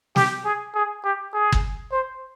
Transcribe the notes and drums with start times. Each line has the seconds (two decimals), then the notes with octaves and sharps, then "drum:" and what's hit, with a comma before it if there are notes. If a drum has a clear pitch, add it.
0.16 G4, drum: snare
0.45 G#4
0.75 G#4
1.04 G4
1.34 G#4
1.52 drum: kick G1
1.92 C5